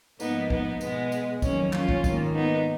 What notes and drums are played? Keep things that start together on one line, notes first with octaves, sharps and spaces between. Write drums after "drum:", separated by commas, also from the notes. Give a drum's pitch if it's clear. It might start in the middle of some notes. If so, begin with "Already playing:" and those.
G#2 F3 A#3 B3 D#4, drum: tambourine
B3 D#4, drum: kick
B2 G#3 B3, drum: tambourine
drum: tambourine
F2 D#3 F#3 A#3 C#4, drum: kick, tambourine
C#4 F4, drum: clap
drum: kick
G#2 D#3 A#3, drum: kick, tambourine
B3 D#4